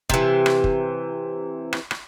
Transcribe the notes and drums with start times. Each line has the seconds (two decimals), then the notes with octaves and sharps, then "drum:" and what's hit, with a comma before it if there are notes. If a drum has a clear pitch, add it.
0.10 C3 E3, drum: kick
0.46 drum: rim click
0.64 drum: kick
1.73 drum: rim click
1.91 drum: rim click